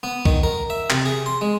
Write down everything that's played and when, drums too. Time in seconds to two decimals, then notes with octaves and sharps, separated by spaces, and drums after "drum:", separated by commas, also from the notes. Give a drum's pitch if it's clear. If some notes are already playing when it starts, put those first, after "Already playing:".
0.03 B3
0.25 D#3, drum: kick C2
0.43 A#4
0.70 E5
0.90 C3, drum: clap
1.06 G#4
1.26 C6
1.41 G#3